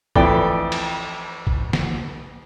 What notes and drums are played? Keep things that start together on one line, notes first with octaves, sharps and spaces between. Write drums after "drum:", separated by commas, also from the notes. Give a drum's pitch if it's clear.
F2 E3 A3 D5 G5, drum: kick
drum: cymbal
drum: kick
drum: snare